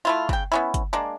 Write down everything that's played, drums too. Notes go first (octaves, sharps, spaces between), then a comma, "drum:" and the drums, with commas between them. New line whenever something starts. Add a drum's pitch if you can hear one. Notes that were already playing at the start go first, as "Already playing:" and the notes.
A3 E4 F4
C#3 G5, drum: kick
B3 C#4 E4
drum: kick, hi-hat
G#3 A#3 D4